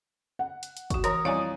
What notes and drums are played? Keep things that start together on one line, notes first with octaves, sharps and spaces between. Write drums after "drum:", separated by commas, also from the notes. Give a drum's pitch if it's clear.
F#5
drum: hi-hat
drum: hi-hat
F#4 C#6, drum: kick, hi-hat
E3 A#4 C#5 A#5 D#6, drum: hi-hat
F2 G3 E4 C#5 D5 F5 G#5 A#5